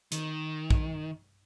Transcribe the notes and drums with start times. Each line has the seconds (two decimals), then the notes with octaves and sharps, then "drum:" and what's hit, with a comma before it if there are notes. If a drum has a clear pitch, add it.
0.12 D#3, drum: hi-hat
0.70 drum: kick